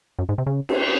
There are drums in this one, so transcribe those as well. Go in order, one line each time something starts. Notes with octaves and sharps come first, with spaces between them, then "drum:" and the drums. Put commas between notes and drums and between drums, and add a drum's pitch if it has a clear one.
F#2
G#2
C3
C#3
drum: cymbal